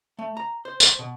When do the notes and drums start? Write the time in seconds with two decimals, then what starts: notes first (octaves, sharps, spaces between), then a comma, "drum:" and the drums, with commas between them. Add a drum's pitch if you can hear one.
0.19 A3
0.37 A#5
0.65 C5
0.80 C5, drum: tambourine
0.99 B2